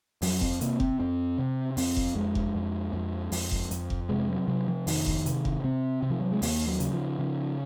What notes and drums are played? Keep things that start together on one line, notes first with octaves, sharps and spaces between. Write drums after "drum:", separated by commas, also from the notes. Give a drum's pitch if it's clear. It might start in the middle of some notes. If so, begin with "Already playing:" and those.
F2 F#3, drum: open hi-hat
C4, drum: kick F1
C3 A#3, drum: hi-hat
C4, drum: kick F1
F2 C4
C3
F2 C4, drum: open hi-hat
drum: kick F1
F2 G#3
drum: kick F1
F2
F2
F2, drum: open hi-hat
drum: kick F1
F2, drum: hi-hat
drum: kick F1
C3 G#3
F#3
C3 F#3
F3
F2 D#3, drum: open hi-hat
drum: kick F1
C3, drum: hi-hat
drum: kick F1
C3 C4
C3
F3
F#3
G#3
D#2 A#3, drum: open hi-hat
F#3
C#3, drum: hi-hat
F3
C#3 F3